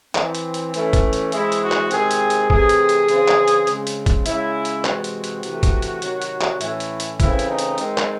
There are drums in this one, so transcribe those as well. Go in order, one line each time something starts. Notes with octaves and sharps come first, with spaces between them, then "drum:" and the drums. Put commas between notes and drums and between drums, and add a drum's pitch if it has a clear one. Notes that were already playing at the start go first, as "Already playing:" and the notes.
E3 C4, drum: clap
drum: hi-hat
drum: hi-hat
E3 A3 C#4, drum: hi-hat
drum: kick G#1, hi-hat
drum: hi-hat
E3 G#3 C4 E4, drum: hi-hat
drum: hi-hat
F#4
drum: clap
C3 D#3 G#3 C4 G#4, drum: hi-hat
drum: hi-hat
drum: hi-hat
C3 E3 A3 C4 G#4, drum: kick G#1
drum: hi-hat
drum: hi-hat
C#3 E3 C4, drum: hi-hat
drum: clap
drum: hi-hat
C#3 G#3 C4, drum: hi-hat
drum: hi-hat
drum: kick G#1, hi-hat
C#3 G#3 C#4 E4, drum: hi-hat
drum: hi-hat
C3 E3 G#3 C4 F#4, drum: clap
drum: hi-hat
drum: hi-hat
C3 E3 A3, drum: hi-hat
drum: kick G#1, hi-hat
drum: hi-hat
C3 D#3 F#3, drum: hi-hat
drum: hi-hat
drum: clap
A2 E3 A3 C#4 E4, drum: hi-hat
drum: hi-hat
drum: hi-hat
C#3 E3 A3 C4 E4, drum: kick G#1, hi-hat
drum: hi-hat
D#4
drum: hi-hat
D#3 G#3 C4, drum: hi-hat
drum: clap